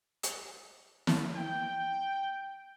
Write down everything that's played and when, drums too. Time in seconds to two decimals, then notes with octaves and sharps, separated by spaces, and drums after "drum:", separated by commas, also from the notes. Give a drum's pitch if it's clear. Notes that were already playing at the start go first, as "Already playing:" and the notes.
0.23 drum: hi-hat
1.07 drum: snare
1.33 G5